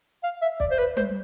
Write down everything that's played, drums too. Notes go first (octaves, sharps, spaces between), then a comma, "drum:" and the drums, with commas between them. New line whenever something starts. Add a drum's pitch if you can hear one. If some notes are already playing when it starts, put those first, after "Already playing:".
F5
E5
D5, drum: kick
C5
B4
C5, drum: tom G3